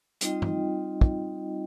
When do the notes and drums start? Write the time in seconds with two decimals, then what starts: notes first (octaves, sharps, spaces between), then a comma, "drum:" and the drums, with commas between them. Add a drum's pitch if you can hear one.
0.21 G3 C4 D#4 F4 D#5 G5, drum: hi-hat
0.42 drum: tom G2
1.01 drum: kick